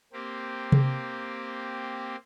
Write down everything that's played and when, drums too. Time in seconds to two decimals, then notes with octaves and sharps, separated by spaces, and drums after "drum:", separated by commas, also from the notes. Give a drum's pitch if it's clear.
0.13 A#3 C4 G4
0.72 drum: tom C3